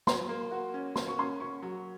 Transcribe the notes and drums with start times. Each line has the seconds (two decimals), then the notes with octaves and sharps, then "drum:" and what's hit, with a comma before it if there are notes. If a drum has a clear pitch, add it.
0.07 F#3 C6, drum: snare
0.29 A#3
0.51 F#4
0.74 C#4
0.96 A#3 C6, drum: snare
1.08 C#6
1.18 C#4 C6
1.40 C#4 C#6
1.62 F#3